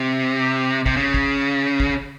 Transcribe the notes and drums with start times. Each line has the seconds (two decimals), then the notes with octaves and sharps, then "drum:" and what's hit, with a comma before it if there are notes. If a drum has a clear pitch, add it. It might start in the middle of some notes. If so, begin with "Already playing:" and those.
Already playing: C3
0.86 C3, drum: kick
0.97 C#3
1.14 drum: kick
1.80 drum: kick